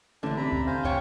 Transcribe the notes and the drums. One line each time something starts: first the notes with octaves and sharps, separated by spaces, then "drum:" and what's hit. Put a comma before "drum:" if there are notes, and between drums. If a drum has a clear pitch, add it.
A1 D3 A3 D4
C3 A#5 B5
drum: kick
C5 F5 G#5
C3 C#5 G5, drum: kick